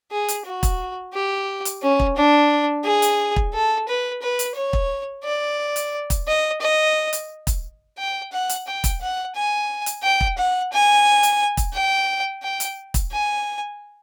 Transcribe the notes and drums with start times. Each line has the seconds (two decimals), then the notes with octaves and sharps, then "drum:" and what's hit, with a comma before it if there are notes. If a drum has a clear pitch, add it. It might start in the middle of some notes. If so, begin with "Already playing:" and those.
0.11 G#4
0.28 drum: hi-hat
0.46 F#4
0.63 drum: kick, hi-hat
1.14 G4
1.65 drum: hi-hat
1.83 C#4
2.00 drum: kick
2.16 D4
2.84 G#4
3.02 drum: hi-hat
3.36 drum: kick
3.54 A4
3.88 B4
4.22 B4
4.39 drum: hi-hat
4.56 C#5
4.73 drum: kick
5.24 D5
5.76 drum: hi-hat
6.10 drum: kick, hi-hat
6.27 D#5
6.61 D#5
7.13 drum: hi-hat
7.47 drum: kick, hi-hat
7.99 G5
8.32 F#5
8.49 drum: hi-hat
8.67 G5
8.84 drum: kick, hi-hat
9.01 F#5
9.35 G#5
9.86 drum: hi-hat
10.03 G5
10.20 drum: kick
10.38 F#5
10.72 G#5
11.23 drum: hi-hat
11.57 drum: kick, hi-hat
11.74 G5
12.43 G5
12.60 drum: hi-hat
12.94 drum: kick, hi-hat
13.12 G#5